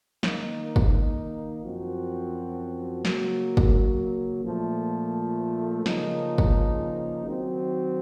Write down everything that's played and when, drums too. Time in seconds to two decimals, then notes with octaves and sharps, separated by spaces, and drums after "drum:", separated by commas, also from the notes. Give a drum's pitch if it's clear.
0.23 D#3 A#3 D#4, drum: snare
0.76 drum: kick G1
1.64 F#2 F3 C4 F#4
3.05 C#3 F#3 A#3, drum: snare
3.57 drum: kick G1
4.45 A#2 F3 A3
5.86 C#3 F3 A#3 D#4, drum: snare
6.38 drum: kick G1
7.26 D#3 F#3 C4